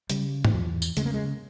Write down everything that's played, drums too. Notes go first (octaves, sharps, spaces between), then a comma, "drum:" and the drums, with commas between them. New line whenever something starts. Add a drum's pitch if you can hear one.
C#3 G3, drum: hi-hat
drum: tom G#2
E2 F3
drum: tambourine
C#3 G#3, drum: hi-hat
A#3
G#3